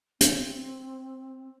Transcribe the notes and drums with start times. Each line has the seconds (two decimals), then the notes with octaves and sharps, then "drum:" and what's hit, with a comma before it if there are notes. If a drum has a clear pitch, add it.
0.21 C4, drum: hi-hat